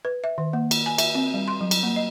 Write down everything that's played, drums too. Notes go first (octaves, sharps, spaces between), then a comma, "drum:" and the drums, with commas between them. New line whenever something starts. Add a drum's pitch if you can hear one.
B4
E5
D#3
A#3
drum: cymbal
G#5
E5, drum: cymbal
C4
G3
C6
F#3
drum: cymbal
A#3
D#5